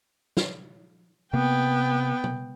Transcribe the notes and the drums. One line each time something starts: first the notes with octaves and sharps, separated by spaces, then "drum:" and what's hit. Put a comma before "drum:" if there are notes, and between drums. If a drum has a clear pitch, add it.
drum: snare
C3 A#3 B3 G5
drum: tom B2